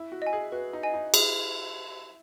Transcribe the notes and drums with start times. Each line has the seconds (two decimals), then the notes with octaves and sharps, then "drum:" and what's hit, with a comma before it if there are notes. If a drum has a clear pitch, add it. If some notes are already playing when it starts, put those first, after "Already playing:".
Already playing: E4
0.12 F#4
0.22 D#5 G#5
0.33 G#4
0.52 F#4 B4
0.73 D#4
0.83 D#5 G#5
0.94 D#4
1.14 E4 G#4, drum: cymbal